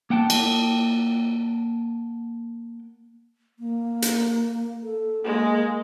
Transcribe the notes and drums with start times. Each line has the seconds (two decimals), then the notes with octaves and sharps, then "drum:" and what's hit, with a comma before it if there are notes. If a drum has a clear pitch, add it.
0.10 A#3 F#5 G5 A5
0.30 drum: cymbal
3.59 A#3
4.02 drum: hi-hat
4.83 A4
5.24 G#3 A#3